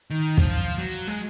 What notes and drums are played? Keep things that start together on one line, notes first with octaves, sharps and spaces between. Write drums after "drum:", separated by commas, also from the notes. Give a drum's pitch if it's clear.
D#3
F3, drum: kick
F#3
G#3